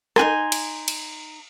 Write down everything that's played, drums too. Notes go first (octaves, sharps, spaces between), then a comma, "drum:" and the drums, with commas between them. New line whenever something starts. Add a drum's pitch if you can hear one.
D#4 F#4 G#5 C6, drum: rim click
drum: cymbal
drum: cymbal